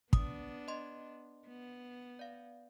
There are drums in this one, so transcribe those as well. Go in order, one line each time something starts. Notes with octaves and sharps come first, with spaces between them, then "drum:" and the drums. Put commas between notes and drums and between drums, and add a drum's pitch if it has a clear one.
B3 D4 D#6, drum: kick
D#5 C6
B3
D5 F5